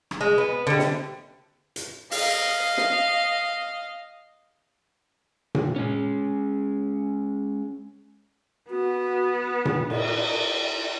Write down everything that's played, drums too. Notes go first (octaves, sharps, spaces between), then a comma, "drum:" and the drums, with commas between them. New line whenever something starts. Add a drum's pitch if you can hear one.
drum: rim click
G#3
B3
D3 G3
drum: snare
drum: hi-hat
D#5 F5, drum: open hi-hat
drum: snare
drum: tom A#2
G#3 C#4
B3 F#4
D5, drum: tom A#2
drum: cymbal